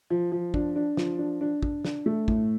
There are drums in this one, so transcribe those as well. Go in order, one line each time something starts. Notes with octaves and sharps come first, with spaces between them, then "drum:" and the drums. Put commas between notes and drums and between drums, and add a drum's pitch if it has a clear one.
F3
F3
D4, drum: kick
D4
F3, drum: snare
D4
D4
D4, drum: kick
D4, drum: snare
A3
A2, drum: kick